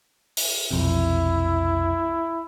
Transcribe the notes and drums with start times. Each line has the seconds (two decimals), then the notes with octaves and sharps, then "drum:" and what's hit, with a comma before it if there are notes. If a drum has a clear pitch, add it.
0.37 drum: open hi-hat
0.71 B1 F2 C3 E4